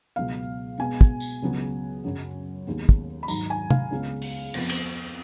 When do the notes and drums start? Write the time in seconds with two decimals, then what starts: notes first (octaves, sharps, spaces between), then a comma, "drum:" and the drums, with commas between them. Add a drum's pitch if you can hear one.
0.16 C#2 B2 F#3 B3 F5
0.79 B2 G#3 B3 G#5
1.01 drum: kick
1.20 drum: tambourine
1.42 C#2 C#3 F#3 B3
2.04 F#2 C#3 F#3
2.67 D#2 D#3 G#3 B3
2.89 drum: kick
3.23 B5
3.28 G#2 D#3 F#3 A#5, drum: tambourine
3.50 G#5
3.70 F5, drum: tom C3
3.91 C#2 C#3 G#3 B3
4.22 drum: open hi-hat
4.54 F2 F3 B3, drum: cymbal
4.69 drum: cymbal